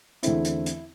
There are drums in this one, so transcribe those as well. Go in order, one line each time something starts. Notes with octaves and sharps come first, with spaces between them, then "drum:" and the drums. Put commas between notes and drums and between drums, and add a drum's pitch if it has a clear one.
E2 D3 A3 C4 E4, drum: hi-hat
drum: hi-hat
drum: hi-hat